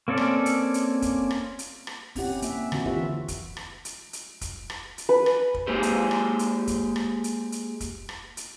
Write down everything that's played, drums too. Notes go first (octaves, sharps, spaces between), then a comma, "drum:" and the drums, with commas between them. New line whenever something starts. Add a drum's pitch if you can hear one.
A#3 C4 C#4 A4 D5
drum: rim click
drum: hi-hat
drum: hi-hat
drum: kick, hi-hat
drum: rim click
drum: hi-hat
drum: rim click
C4 C#4 E4 G4 F#5, drum: kick, open hi-hat
A#3 E5, drum: hi-hat
D3 E3 C4 F#4, drum: rim click
E3 F4 G4 B4 E5
drum: kick, hi-hat
drum: rim click
drum: hi-hat
drum: hi-hat
drum: kick, hi-hat
drum: rim click
drum: hi-hat
B4
drum: rim click
drum: kick
G#3 A#3 G4 G#4 C5
drum: hi-hat
drum: rim click
drum: hi-hat
drum: kick, hi-hat
drum: rim click
drum: hi-hat
drum: hi-hat
drum: kick, hi-hat
drum: rim click
drum: hi-hat